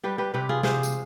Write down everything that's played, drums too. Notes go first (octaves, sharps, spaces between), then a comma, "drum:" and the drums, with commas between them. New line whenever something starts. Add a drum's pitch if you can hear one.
G3 G4 B4
G4 B4
C3 G4 B4
F4 G#4
C3 G#4 C5, drum: snare
drum: tambourine